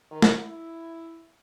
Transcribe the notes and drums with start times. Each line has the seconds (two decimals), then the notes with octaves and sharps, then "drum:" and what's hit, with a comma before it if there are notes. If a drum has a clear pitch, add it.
0.11 D#3
0.22 drum: snare
0.42 E4